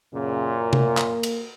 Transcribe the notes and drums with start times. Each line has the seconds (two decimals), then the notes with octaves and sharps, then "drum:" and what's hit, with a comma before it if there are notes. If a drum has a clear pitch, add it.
0.14 F#2 A#2 C#3
0.73 A#3, drum: tom C3
0.97 drum: clap
1.23 drum: cymbal